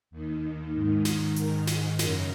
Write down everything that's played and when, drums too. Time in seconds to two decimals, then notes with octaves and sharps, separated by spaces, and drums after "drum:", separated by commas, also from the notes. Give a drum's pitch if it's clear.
0.11 D#2 D#3
0.74 G#2 D#3
1.05 drum: snare
1.36 G#2 D#3 A#4, drum: hi-hat
1.67 G#4, drum: snare
1.99 F#2 C#3 A#4, drum: snare